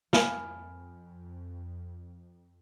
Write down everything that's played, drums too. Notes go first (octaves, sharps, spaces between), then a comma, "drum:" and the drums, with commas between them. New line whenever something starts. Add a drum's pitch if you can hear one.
F2 G#5 B5 F6, drum: snare